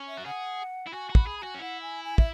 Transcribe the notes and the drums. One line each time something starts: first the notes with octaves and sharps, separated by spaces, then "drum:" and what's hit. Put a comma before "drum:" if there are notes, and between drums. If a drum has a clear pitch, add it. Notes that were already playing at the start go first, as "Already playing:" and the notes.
Already playing: C#4
E5
F#4
G#4 F#5
E4
F#4 G#5
F#4
B5, drum: kick
G#4
B5
F#4 G#5
C#4
E4 F#5
G#5
G#5
E5, drum: kick